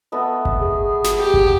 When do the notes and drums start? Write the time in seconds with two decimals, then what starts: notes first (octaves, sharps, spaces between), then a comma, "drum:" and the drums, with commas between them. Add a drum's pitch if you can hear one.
0.12 A3 B3 D#5
0.45 drum: kick G1
0.60 G#4
1.04 drum: snare
1.19 G4
1.34 drum: kick G1